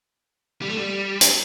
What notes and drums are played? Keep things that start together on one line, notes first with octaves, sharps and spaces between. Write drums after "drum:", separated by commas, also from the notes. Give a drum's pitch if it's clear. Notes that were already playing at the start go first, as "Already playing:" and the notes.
G3
A3
G3
drum: hi-hat